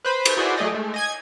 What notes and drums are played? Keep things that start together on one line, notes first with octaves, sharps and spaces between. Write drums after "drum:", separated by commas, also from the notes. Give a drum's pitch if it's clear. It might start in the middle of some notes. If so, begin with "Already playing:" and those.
B4 C5 B5
drum: cymbal
E4 F#4 G#4 B4 C5 D5
F#3 A3 G#4 D5 D#5
G#3 A3
D#5 G#5 G#6